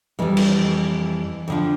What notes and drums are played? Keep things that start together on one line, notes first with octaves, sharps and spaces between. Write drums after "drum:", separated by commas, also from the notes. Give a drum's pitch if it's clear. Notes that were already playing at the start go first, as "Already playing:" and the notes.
F2 E3 G3 A3
drum: cymbal
F2 D3 F3